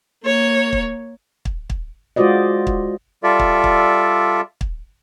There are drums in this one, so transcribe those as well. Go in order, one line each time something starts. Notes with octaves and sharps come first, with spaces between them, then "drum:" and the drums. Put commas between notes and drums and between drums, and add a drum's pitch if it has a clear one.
A#3 C#5
drum: kick
drum: kick
drum: kick
G#3 F4 F#4 C5 D5 D#5
drum: kick
G3 F4 A4 D5 E5
drum: kick
drum: kick
drum: kick